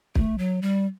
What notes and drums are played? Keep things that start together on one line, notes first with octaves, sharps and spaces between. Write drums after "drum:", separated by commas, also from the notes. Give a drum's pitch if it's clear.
A3, drum: kick
F#3
G3